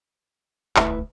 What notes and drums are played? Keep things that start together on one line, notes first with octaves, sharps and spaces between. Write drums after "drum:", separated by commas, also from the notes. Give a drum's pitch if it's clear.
D#1 C#2 A3 E4 B4 E5, drum: clap